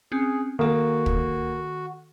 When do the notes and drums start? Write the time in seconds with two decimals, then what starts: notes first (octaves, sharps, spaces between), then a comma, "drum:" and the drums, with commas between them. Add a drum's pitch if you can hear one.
0.12 C4 C#4 G#4
0.59 D#3 A#3 F#4 A4
1.06 drum: kick